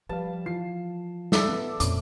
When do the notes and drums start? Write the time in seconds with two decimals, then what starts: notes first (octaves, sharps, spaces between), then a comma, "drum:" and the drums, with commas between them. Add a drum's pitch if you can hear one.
0.09 F3 G3 B4 F5 A5
0.46 E3 F4 F5 C7
1.32 A4 D5 E5, drum: snare
1.48 B3
1.80 F2 A#2 C4 C#4 D6, drum: hi-hat